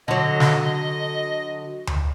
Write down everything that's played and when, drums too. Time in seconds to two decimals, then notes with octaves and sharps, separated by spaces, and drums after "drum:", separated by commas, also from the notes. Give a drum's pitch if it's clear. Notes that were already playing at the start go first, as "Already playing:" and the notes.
0.08 D3 F#3 D#5
0.40 drum: snare
1.87 drum: tom D2